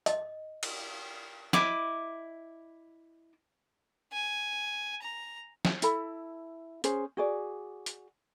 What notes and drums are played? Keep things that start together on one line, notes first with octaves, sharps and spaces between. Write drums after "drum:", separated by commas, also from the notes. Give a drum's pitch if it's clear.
D#5, drum: hi-hat
drum: cymbal
E4 D#5 D6, drum: snare
G#5
A#5
drum: snare
E4 A4 B5, drum: hi-hat
C#4 G#4 C5, drum: hi-hat
F#4 G#4 D5
drum: hi-hat